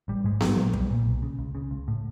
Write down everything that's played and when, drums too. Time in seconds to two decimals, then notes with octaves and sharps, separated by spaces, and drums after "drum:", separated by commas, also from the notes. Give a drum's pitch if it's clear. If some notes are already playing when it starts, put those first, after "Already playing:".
0.08 A1 G3
0.24 G#2 G#3
0.41 A1 G3, drum: snare B3
0.57 A#2 F#3
0.74 B1 G3, drum: kick
0.90 A#2
1.06 B1
1.22 C#3
1.39 C#2
1.55 C#3
1.71 C#2
1.88 A2